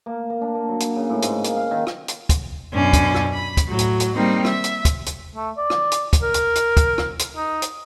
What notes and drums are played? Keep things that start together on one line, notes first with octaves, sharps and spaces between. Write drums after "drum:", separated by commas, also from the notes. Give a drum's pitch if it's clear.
A#3
A#3
D4
A#3
F#3
drum: hi-hat
C#3
A2
G#2, drum: hi-hat
A#3, drum: hi-hat
F5
D#3
drum: rim click
drum: hi-hat
drum: kick, hi-hat
F#2 B2 C#4 D4
drum: kick, hi-hat
drum: rim click
B5
drum: kick, hi-hat
A2 F#3
drum: hi-hat
drum: hi-hat
G3 A#3 C4 D#4
E5, drum: rim click
drum: hi-hat
drum: kick, hi-hat
drum: hi-hat
A3
D5
drum: rim click
drum: hi-hat
drum: kick, hi-hat
A#4
drum: hi-hat
drum: hi-hat
drum: kick, hi-hat
drum: rim click
drum: hi-hat
D#4
drum: hi-hat